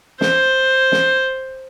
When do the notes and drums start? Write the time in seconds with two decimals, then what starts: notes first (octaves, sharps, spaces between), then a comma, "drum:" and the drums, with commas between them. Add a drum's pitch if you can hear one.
0.21 C5, drum: snare
0.92 drum: snare